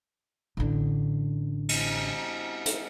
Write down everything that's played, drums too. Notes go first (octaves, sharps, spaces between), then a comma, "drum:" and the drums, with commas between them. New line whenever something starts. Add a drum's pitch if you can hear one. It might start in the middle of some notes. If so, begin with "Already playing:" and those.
A1 D3
drum: cymbal
drum: hi-hat